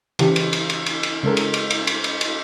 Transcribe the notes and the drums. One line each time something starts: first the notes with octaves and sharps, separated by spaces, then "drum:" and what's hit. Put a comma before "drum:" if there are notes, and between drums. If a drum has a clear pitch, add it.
C#3 E3 G4, drum: cymbal
drum: cymbal
drum: cymbal
drum: cymbal
drum: cymbal
drum: cymbal
C#3 G#3 A4 A#4
drum: cymbal
drum: cymbal
drum: cymbal
drum: cymbal
drum: cymbal
drum: cymbal